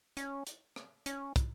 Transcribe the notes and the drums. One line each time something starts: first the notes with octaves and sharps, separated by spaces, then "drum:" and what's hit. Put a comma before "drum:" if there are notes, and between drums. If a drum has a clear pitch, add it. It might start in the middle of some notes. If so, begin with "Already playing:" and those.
C#4, drum: hi-hat
drum: hi-hat
drum: rim click
C#4, drum: hi-hat
drum: kick, hi-hat